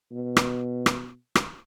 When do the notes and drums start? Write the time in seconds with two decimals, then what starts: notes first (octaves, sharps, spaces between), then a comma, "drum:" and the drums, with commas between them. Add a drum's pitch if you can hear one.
0.12 B2
0.37 drum: rim click
0.86 drum: rim click
1.35 drum: rim click